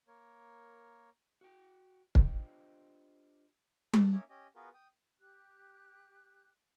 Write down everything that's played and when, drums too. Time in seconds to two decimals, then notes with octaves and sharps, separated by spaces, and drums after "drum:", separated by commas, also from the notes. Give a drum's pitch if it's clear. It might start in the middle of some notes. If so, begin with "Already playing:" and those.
0.07 A#3 A#4 C#5
1.41 F#4 F#5 G5
2.15 D4 F4 G4 C5 D#5 G5, drum: kick
3.93 A5, drum: tom G3
4.12 A#3 C#4 D#4 C#5 E5 D6
4.30 C#4 G4 D#5
4.56 B3 F4 F#4 G#4 A#4 B4
4.74 G5 D#6
5.19 G4 F#6